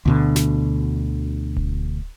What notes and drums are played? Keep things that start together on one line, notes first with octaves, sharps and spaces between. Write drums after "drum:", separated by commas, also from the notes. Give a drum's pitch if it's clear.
D2 B2 D3
drum: snare
drum: kick D1